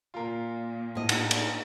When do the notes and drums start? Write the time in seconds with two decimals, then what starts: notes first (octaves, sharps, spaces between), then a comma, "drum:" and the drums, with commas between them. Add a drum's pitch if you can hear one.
0.14 A#2 F4 A#4
0.95 A2 D#5
1.09 drum: cymbal
1.31 drum: cymbal